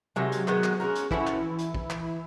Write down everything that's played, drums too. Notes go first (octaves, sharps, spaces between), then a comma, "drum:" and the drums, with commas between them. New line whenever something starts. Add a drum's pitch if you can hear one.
C3 D#3 F#3 G#3 F#4
drum: hi-hat
D#3 G#3 B3, drum: clap
drum: clap
G#3 C#4 F#4 A#4
drum: hi-hat
E3 F3 A3 C#4 E4 F#4, drum: kick
drum: clap
drum: hi-hat
drum: kick
drum: clap